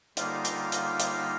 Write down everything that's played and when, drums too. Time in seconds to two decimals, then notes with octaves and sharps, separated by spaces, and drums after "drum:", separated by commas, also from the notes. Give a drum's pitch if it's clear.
0.17 D3 G3 A#3 D#4 F4 F5, drum: hi-hat
0.45 drum: hi-hat
0.72 drum: hi-hat
1.00 drum: hi-hat